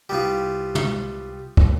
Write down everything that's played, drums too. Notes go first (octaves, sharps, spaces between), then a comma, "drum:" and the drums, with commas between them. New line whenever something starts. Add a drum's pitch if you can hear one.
C2 G3 B3 F4 G4
drum: tom
drum: kick